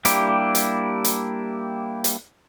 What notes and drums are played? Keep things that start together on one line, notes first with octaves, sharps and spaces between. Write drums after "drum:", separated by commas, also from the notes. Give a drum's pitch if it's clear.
G3 A#3 D4 E4 G4, drum: hi-hat
drum: hi-hat
drum: hi-hat
drum: hi-hat